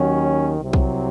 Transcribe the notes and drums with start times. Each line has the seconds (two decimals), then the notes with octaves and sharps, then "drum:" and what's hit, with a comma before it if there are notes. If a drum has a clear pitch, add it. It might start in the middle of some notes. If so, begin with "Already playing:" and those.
Already playing: D#2 D#3 F#3 C#4
0.61 C2 C3 F#3
0.73 drum: kick